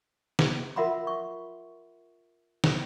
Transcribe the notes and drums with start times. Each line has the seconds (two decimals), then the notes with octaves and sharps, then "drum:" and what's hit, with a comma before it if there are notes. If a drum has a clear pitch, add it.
0.39 drum: snare
0.76 F4 A#4 E5 F#5 B5 C6
1.07 C#6
2.64 drum: snare